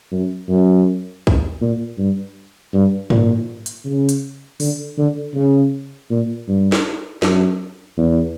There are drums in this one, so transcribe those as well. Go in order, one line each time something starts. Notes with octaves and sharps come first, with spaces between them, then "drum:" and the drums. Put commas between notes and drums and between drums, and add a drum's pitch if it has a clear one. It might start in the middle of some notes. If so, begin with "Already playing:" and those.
F#2
F#2
drum: kick
A#2
G2
G2
A#2, drum: tom G#2
drum: hi-hat
C#3
drum: hi-hat
D3, drum: open hi-hat
D3
C#3
A#2
G2
drum: snare
F#2, drum: snare
E2